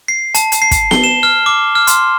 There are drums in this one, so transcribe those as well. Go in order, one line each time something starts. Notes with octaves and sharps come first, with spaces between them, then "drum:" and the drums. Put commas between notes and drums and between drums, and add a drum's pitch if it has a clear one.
C7
A5, drum: hi-hat
drum: hi-hat
C7
drum: kick, hi-hat
G7, drum: snare B3
E7
F6
D6
F6
C6, drum: hi-hat